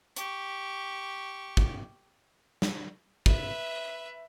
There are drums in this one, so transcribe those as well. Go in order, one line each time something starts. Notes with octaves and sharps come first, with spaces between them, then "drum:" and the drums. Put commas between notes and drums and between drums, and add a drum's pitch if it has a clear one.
G4 C#6, drum: hi-hat
drum: kick
drum: snare
B4 E5, drum: kick